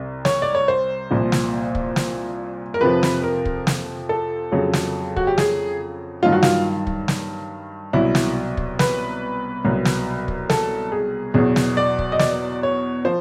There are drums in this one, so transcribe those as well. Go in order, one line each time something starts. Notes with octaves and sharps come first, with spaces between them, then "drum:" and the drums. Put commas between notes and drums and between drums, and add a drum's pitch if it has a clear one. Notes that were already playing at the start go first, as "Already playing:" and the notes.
Already playing: C2 C3
C#5, drum: snare
D5
C#5
C5
C2 A#2 F3
drum: snare
drum: kick
drum: snare
A#4
F2 C3 F3 B4
drum: snare
A#4
drum: kick
drum: snare
A4
F2 C#3 F#3
drum: snare
F#4, drum: kick
G4
G#4, drum: snare
G2 D#3 F#3 F4
F#4
F4, drum: snare
drum: kick
drum: snare
C2 B2 F#3 E4
drum: snare
drum: kick
B4, drum: snare
C2 B2 F#3
drum: snare
drum: kick
A4, drum: snare
G#4
E2 B2 F#3 G#4
drum: snare
D5
drum: kick
D#5
D5, drum: snare
C#5
F3 C5